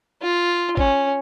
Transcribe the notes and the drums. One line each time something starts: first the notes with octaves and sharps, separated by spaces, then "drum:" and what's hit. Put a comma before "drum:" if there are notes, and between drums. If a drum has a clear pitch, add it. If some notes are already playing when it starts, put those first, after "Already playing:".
F4
C#4, drum: kick G#1